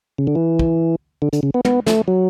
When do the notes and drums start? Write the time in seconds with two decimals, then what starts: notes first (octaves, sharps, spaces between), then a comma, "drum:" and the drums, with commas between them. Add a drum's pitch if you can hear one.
0.18 C#3
0.27 D3
0.35 E3
0.59 drum: kick
1.22 D3
1.33 D3, drum: hi-hat
1.43 C#3
1.54 B3
1.65 B3, drum: tom
1.86 A3, drum: snare
2.08 F#3